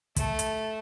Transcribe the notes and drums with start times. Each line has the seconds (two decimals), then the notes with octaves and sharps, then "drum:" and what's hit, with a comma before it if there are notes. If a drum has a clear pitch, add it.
0.16 A3, drum: kick, hi-hat
0.39 drum: hi-hat